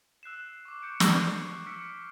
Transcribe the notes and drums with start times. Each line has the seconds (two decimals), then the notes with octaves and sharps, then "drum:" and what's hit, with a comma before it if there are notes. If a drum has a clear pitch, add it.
0.23 E6 F#6 C7 E7
0.65 C#6 D6
0.82 C#6 D6 G6 C#7 D7
1.00 C#6 D6 C7, drum: snare
1.66 E6 F6 B6 C#7 D7